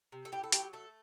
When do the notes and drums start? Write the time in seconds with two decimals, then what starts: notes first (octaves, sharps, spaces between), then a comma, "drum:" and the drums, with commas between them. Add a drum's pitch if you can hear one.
0.12 C3
0.25 A4
0.32 A2 G4
0.43 A4
0.52 F#3 G4, drum: hi-hat
0.73 A3 A4